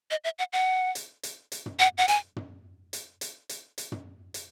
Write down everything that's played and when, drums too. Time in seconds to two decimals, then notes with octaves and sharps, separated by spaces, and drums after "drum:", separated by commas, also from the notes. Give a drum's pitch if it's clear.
0.11 D#5
0.24 E5
0.39 F#5
0.53 F#5
0.95 drum: hi-hat
1.23 drum: hi-hat
1.52 drum: hi-hat
1.66 drum: tom
1.79 F#5
1.98 F#5
2.08 G#5, drum: hi-hat
2.36 drum: tom
2.93 drum: hi-hat
3.21 drum: hi-hat
3.49 drum: hi-hat
3.78 drum: hi-hat
3.92 drum: tom
4.34 drum: hi-hat